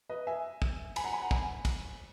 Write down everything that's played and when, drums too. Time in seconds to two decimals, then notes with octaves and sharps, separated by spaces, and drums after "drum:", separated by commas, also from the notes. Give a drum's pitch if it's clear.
0.09 B4 D#5
0.27 E5 G#5
0.62 drum: kick
0.96 G#5 B5, drum: cymbal
1.04 F#5 A#5
1.13 G#5 B5
1.22 F#5 A#5
1.31 G#5 B5, drum: kick
1.65 drum: kick, cymbal